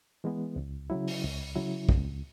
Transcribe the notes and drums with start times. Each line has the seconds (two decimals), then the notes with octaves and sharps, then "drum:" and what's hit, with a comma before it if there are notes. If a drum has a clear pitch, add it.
0.24 E3 G#3 B3
0.56 C#2
0.90 C#3 F#3 E4
1.08 drum: open hi-hat
1.23 C#2
1.56 C#3 F#3 E4
1.89 C#2, drum: kick